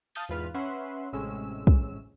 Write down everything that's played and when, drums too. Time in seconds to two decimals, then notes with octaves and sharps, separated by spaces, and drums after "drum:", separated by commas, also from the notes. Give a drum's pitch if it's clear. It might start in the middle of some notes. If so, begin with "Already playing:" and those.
0.15 F5 A5 D#6 G6 A6, drum: open hi-hat
0.29 E2 G#2 F4 B4 F6
0.54 C#4 B4 E5 F#5 C6
1.13 A1 A2 C3 G#3 C#4 E6
1.67 drum: kick